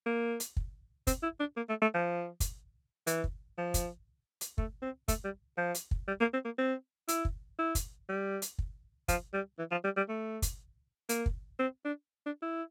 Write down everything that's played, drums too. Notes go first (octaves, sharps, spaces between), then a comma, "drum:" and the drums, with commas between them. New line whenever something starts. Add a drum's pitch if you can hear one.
A#3
drum: hi-hat
drum: kick
C4, drum: kick, hi-hat
E4
D4
A#3
A3
A3
F3
drum: kick, hi-hat
E3, drum: hi-hat
drum: kick
F3
drum: kick, hi-hat
drum: hi-hat
A3, drum: kick
C4
A3, drum: kick, hi-hat
G3
F3
drum: hi-hat
drum: kick
G3
A#3
C4
A#3
C4
E4, drum: hi-hat
drum: kick
E4
drum: kick, hi-hat
G3
drum: hi-hat
drum: kick
F3, drum: kick, hi-hat
G3
E3
F3
G3
G3
A3
drum: kick, hi-hat
A#3, drum: hi-hat
drum: kick
C4
D4
D4
E4